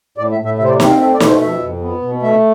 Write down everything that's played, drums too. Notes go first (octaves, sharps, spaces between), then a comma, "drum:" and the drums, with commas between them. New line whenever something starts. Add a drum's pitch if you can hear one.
A2 D5
E5
A2
E5
C3 E5
C5
D5
C4 E5, drum: snare
F5
A3 E5
D5
B2, drum: snare
C5
F2 E5
F2
B3
B2
A3 E5